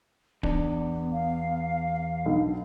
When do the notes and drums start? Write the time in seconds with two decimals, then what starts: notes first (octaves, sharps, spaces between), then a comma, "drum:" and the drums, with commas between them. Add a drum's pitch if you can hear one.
0.43 E2 B3 D4, drum: kick D1
1.12 F5
2.26 B1 D4